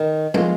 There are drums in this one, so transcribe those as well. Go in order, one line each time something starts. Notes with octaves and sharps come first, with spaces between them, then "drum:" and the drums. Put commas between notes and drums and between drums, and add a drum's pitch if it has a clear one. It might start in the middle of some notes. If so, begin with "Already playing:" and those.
Already playing: D#3
G#3 F4, drum: tom